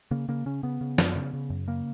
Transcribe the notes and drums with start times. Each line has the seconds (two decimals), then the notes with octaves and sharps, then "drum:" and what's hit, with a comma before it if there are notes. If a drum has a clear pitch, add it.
0.11 C#3 A#3
0.28 C#3 A#3
0.46 C#3 C#4
0.63 C#3 B3
0.81 C#3
0.98 F#2, drum: snare
1.16 C#3
1.33 C#3
1.50 F#2
1.67 C#3 A#3